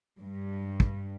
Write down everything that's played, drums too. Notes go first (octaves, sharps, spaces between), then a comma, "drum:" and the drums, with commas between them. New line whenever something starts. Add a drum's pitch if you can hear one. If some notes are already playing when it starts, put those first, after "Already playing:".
G2
drum: kick